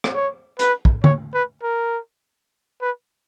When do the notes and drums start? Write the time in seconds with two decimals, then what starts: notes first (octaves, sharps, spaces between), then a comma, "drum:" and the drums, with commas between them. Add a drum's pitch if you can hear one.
0.04 drum: rim click
0.14 C#5
0.59 B4, drum: hi-hat
0.85 drum: kick
1.04 C#5, drum: tom
1.34 B4
1.63 A#4
2.82 B4